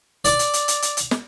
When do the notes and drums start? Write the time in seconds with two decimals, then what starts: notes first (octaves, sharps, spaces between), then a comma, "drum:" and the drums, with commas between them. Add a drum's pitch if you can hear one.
0.25 D5 D6, drum: hi-hat
0.39 drum: hi-hat
0.54 drum: hi-hat
0.68 drum: hi-hat
0.82 drum: hi-hat
0.97 drum: hi-hat
1.11 drum: snare